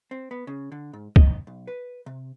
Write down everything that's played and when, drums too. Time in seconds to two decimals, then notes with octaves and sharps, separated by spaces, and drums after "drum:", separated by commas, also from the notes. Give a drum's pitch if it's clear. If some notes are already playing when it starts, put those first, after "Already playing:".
0.11 C4
0.31 B3
0.47 C#3
0.72 D3
0.93 G#2
1.16 D#5, drum: kick
1.47 B1
1.67 B4
2.06 C3